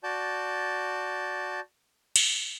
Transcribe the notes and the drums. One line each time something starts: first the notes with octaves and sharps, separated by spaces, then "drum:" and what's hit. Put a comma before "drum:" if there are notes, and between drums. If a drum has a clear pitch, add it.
F#4 D5 A5 G6
drum: cymbal